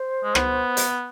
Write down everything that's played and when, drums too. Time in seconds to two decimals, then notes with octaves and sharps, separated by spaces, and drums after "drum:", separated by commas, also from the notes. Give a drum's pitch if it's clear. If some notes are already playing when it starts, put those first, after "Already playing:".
Already playing: C5
0.24 G#3
0.35 B3, drum: rim click
0.77 drum: hi-hat